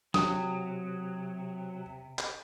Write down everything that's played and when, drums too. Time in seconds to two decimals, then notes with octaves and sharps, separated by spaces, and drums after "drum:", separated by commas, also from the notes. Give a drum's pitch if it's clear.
0.14 C3 F#3 D#6, drum: snare
2.19 drum: clap